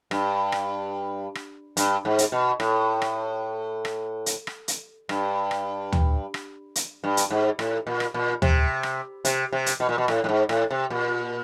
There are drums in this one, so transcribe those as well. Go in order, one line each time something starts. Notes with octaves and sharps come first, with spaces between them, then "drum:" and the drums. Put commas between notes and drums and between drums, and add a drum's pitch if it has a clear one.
G2, drum: rim click
drum: rim click
drum: rim click
G2, drum: hi-hat
G#2
drum: hi-hat
B2
A2, drum: rim click
drum: rim click
drum: rim click
drum: hi-hat
drum: rim click
drum: hi-hat
G2, drum: rim click
drum: rim click
drum: tom
drum: rim click
drum: hi-hat
G2
drum: hi-hat
G#2
A2, drum: rim click
A#2
drum: rim click
A#2
C3, drum: tom
drum: rim click
C3, drum: hi-hat
C3
drum: hi-hat
B2
A#2
B2
A2, drum: rim click
A2
G#2
A2, drum: rim click
C3
A#2